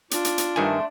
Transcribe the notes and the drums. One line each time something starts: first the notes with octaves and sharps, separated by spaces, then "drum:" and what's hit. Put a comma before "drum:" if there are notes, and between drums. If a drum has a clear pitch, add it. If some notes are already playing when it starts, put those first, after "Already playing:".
D4 F4, drum: hi-hat
drum: hi-hat
drum: hi-hat
G2 D#3 A3 C5 G#5